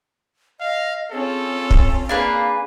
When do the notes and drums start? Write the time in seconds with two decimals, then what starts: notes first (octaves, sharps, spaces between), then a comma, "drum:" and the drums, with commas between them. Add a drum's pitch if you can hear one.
0.60 D#5 F5
1.11 C4 C#4 F4 G#4 A4
1.71 drum: kick
2.09 A#3 D4 G#4 B4 F5